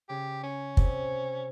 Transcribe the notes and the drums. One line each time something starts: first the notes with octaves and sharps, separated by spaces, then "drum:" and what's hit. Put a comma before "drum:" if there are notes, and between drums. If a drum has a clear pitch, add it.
C#3 G4
C#4
C3, drum: kick